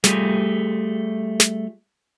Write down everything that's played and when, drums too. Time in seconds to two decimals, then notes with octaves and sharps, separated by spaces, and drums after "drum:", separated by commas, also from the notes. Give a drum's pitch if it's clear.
0.04 G3 A3 F4 G4 G#4, drum: snare
1.40 drum: snare